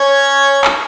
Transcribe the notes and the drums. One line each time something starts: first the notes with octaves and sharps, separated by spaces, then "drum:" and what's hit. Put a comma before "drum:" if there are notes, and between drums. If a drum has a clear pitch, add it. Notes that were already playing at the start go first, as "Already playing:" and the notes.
Already playing: C#4 C#5
drum: clap